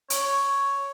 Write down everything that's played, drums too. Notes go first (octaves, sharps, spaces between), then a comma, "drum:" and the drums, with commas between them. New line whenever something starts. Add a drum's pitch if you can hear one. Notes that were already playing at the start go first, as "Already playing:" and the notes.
C#5, drum: hi-hat